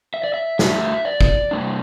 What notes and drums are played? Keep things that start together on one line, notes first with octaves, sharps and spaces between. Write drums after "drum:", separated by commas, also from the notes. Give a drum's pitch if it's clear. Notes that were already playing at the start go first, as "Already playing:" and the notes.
E5
D5
E5
G2 D3 A3 E5, drum: snare
D5
drum: kick
C3 G3 D4